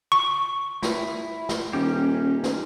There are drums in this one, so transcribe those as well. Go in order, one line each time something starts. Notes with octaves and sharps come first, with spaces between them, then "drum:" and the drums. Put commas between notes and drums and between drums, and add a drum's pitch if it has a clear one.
C#6
E4, drum: snare
drum: snare
D#1 D#3 C#4 G4
drum: snare